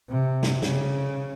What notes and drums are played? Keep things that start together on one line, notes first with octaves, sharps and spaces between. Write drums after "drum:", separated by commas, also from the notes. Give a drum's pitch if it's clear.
C3
drum: snare
C#3, drum: snare